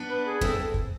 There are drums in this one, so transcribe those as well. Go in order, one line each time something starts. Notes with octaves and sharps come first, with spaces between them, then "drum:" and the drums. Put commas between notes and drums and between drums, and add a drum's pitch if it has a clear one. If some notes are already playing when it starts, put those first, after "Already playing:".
Already playing: B3 D4
B4
G#4
C4 E4 A4, drum: kick
drum: kick